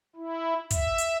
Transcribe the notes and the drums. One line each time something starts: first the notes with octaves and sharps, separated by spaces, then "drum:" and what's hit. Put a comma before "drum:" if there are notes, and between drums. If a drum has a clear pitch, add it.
E4
E5, drum: kick, hi-hat
drum: hi-hat